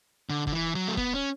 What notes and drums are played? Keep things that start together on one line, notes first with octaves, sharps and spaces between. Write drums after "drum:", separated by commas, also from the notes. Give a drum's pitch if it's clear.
D3
D3, drum: kick
E3
F#3
A3
B3, drum: kick
C#4